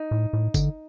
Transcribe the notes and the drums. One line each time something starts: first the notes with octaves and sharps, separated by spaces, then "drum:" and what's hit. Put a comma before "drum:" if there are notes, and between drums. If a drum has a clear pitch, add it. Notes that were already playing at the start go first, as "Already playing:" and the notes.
Already playing: D#4
A2
A2
D3, drum: kick, tambourine